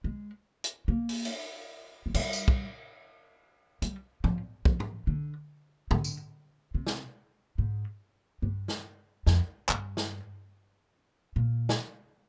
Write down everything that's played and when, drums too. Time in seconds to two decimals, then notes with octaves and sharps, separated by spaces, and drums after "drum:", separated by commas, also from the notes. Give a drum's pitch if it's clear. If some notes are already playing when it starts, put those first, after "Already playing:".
0.04 G#3
0.64 drum: hi-hat
0.88 A#3
1.09 drum: open hi-hat
1.25 drum: cymbal
2.06 F3
2.14 G3, drum: cymbal
2.33 drum: tambourine
2.48 drum: kick
3.82 G3, drum: hi-hat
4.24 F3, drum: tom G#2
4.65 F3, drum: kick
4.80 drum: tom G#2
5.07 D3
5.91 D3, drum: tom G#2
6.04 drum: tambourine
6.74 C3
6.87 drum: snare
7.58 G#2
8.42 G2
8.68 drum: snare
9.26 F2, drum: snare
9.69 G2, drum: clap
9.97 drum: snare
11.36 A#2
11.69 drum: snare